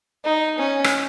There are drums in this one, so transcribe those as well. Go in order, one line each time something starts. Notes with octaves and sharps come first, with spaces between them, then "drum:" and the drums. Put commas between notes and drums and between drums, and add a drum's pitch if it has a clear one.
D#4
C#4
drum: rim click